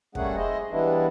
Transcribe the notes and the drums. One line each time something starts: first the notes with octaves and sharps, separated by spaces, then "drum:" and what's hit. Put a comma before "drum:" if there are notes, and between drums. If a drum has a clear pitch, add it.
G3 A3 A#3 C#4 G#4 F#5, drum: kick
E4 G#4 C5 D#5
E3 G3 G#3 B3 D4 E4